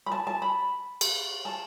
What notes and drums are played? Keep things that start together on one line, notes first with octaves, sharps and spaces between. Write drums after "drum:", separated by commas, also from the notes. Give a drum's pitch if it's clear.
B5
A5
A5
B5
drum: cymbal
A5